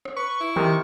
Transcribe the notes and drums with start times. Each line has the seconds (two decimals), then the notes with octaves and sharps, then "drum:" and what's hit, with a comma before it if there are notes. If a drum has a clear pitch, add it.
0.05 drum: rim click
0.16 B4 C#6
0.40 E4
0.56 C3 D#3 G4 A#4 G5, drum: tom D#3